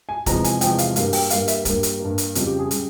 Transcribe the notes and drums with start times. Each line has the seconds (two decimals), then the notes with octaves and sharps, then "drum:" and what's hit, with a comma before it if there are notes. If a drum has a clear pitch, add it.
0.09 G#5
0.26 E2 C3 F3 G#3 A#5, drum: kick, hi-hat
0.44 G#5, drum: hi-hat
0.61 E2 C3 F3 G#3 G5, drum: hi-hat
0.78 F5, drum: hi-hat
0.96 G2 G3 A#3 F5, drum: hi-hat
1.13 G5, drum: open hi-hat
1.30 G2 G3 A#3 F5, drum: hi-hat
1.48 E5, drum: hi-hat
1.65 G2 G3 A#3 A#4, drum: kick, hi-hat
1.83 drum: hi-hat
2.00 G2 G3 A#3
2.18 drum: hi-hat
2.35 F2 C#3 G3, drum: hi-hat
2.47 G4
2.59 G#4
2.71 C#3 G3, drum: hi-hat